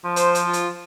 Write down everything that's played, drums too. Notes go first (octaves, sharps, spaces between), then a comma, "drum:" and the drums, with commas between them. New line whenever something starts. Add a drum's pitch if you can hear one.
F3
C5, drum: hi-hat
drum: hi-hat
F4
drum: hi-hat